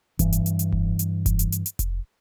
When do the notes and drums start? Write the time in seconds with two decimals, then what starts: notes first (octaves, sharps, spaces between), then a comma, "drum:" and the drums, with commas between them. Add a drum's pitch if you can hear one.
0.19 G2 E3, drum: kick F1, hi-hat
0.32 drum: hi-hat
0.46 drum: hi-hat
0.59 drum: hi-hat
0.72 drum: kick F1
0.99 drum: hi-hat
1.26 drum: kick F1, hi-hat
1.39 drum: hi-hat
1.52 drum: hi-hat
1.66 drum: hi-hat
1.79 drum: kick F1, hi-hat